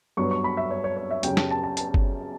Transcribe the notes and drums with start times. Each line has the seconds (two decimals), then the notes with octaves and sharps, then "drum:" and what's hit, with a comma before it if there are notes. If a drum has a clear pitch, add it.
0.17 G2 F#3 B3 C#6
0.31 C#6
0.44 B5
0.57 E5
0.71 C#5
0.84 C#5
0.97 C#5
1.11 E5
1.23 F#2 C#3 G3 C#4 G5, drum: hi-hat
1.37 A5, drum: snare
1.51 A5
1.63 A5
1.77 A5, drum: hi-hat
1.94 drum: kick G1